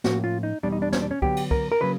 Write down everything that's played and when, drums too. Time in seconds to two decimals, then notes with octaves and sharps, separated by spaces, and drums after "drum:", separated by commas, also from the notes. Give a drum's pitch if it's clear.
0.04 A2 F3 A#3 C#4 F#4, drum: snare
0.24 F4
0.43 D#4
0.63 E2 B2 G3 D4
0.72 D#4
0.82 D4
0.93 C#4, drum: snare
1.02 D4
1.11 C#4
1.22 D3 F#3 B3 G4, drum: kick
1.37 drum: cymbal
1.51 A#4, drum: kick
1.72 A#4
1.81 C#3 F#3 A#3 B4